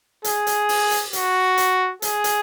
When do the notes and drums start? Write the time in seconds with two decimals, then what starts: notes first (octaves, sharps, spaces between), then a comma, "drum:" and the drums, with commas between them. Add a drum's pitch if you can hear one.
0.24 G#4, drum: hi-hat
0.47 drum: hi-hat
0.69 drum: open hi-hat
0.91 drum: hi-hat
1.13 F#4, drum: hi-hat
1.58 drum: hi-hat
2.02 G#4, drum: hi-hat
2.24 drum: hi-hat